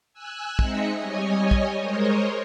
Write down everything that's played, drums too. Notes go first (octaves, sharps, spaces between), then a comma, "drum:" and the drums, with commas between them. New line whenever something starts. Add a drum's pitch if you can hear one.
G#5 E6 F#6
G#3 C4 D#4 D#5 E5 C#7, drum: kick
G3 C#5 D#5 G#5
drum: kick
G#3 A#4 C5 C#5 D#5